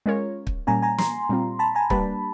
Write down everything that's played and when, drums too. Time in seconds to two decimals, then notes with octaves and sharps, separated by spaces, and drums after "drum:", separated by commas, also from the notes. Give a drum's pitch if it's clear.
0.06 G#3 C#4 F4 A#4 C#5
0.47 drum: kick
0.67 A#2 G3 A#3 C#4 G#5 A#5
0.82 G#5 A#5
0.98 A#5 C6, drum: snare
1.29 A#2 G3 C4 F4
1.59 A5 B5
1.75 G#5 A#5
1.90 G3 A#3 D4 G4 B4 A5 B5, drum: kick